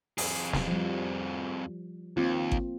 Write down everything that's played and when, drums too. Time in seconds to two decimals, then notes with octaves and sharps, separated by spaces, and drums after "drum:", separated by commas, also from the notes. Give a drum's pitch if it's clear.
0.18 F2 G#4, drum: open hi-hat
0.53 drum: snare
0.68 F3 G3
2.17 D#2 A#3 C4 F4
2.52 drum: kick G#1